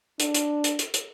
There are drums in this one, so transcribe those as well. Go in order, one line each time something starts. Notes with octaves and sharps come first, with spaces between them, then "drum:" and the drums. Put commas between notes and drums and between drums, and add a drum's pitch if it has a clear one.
D4, drum: hi-hat
drum: hi-hat
drum: hi-hat
drum: hi-hat
drum: hi-hat